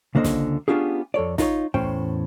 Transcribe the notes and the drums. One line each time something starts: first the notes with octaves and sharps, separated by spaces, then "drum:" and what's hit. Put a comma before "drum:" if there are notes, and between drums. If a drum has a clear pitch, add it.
C#2 D3 A#3 C5 D#5
drum: snare
B3 C#4 D4 F4 G4 G#4
F2 A4 C#5 D5
D#4 F4 A#4 C#5, drum: snare
E2 A2 C#4 C5 G5, drum: kick